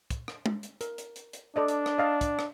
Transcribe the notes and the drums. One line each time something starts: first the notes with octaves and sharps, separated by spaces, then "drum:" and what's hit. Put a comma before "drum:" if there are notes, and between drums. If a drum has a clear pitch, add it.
drum: kick, hi-hat
drum: rim click
drum: tom
drum: hi-hat
A#4, drum: hi-hat
drum: hi-hat
drum: hi-hat
drum: hi-hat
D4 A4 D5 D#5
drum: hi-hat
drum: rim click
D#5 F5 A5
drum: kick, hi-hat
drum: rim click